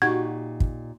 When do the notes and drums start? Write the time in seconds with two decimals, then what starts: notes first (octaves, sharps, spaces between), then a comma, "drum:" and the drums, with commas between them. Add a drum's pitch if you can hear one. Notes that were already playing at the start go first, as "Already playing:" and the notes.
0.02 A#2 D#4 F#4 G4 G#6
0.60 drum: kick